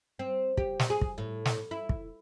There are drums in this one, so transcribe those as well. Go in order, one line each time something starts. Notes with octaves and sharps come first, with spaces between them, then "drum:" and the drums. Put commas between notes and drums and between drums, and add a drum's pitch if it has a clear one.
C4
G4, drum: kick
drum: snare
G#4
drum: kick
A2
drum: snare
E4
drum: kick